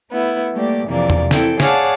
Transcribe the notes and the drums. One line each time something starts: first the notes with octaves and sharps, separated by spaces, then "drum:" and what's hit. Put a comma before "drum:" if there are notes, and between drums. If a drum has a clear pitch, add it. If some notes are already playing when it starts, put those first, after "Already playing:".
A3 B3 E4
G3 A3 A#3 G4 D5
F2 C3 E3 A#3 D5
drum: tom E2
E3 C4 E4 A4 G5, drum: snare
G#4 C#5 D5 F5 F#5 A5, drum: snare